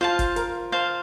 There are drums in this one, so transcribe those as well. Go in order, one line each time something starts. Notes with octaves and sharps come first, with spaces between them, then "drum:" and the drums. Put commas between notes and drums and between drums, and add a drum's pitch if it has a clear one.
F4 C5 F5 A5
drum: kick F#1, hi-hat
A#4, drum: hi-hat
C5 F5 A5